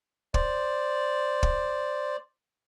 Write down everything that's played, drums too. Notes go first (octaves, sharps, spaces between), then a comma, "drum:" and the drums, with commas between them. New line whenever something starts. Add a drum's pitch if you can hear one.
C5 D5, drum: kick
drum: kick